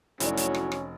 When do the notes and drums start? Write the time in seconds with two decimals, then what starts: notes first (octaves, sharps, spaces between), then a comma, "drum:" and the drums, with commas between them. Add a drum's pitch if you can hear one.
0.20 F1 A2 F#3 C#4 F#4 D5, drum: hi-hat
0.37 drum: hi-hat
0.54 drum: rim click
0.72 drum: rim click